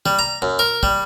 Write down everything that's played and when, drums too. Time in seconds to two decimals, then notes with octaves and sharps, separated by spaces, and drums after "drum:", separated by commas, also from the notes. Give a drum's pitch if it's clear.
0.06 G3, drum: snare
0.19 A#5
0.42 F#2
0.59 A#4
0.83 G3, drum: kick